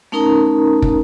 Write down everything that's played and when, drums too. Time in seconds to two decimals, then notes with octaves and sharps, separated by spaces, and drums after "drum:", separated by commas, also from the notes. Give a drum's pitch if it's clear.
0.12 A3 C#4 D#4 A#4 A#5 D#6
0.82 drum: kick